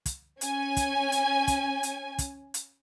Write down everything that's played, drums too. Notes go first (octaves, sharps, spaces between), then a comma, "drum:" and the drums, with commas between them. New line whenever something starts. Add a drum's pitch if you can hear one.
drum: kick, hi-hat
C#4 G#5, drum: hi-hat
drum: kick, hi-hat
drum: hi-hat
drum: kick, hi-hat
drum: hi-hat
drum: kick, hi-hat
drum: hi-hat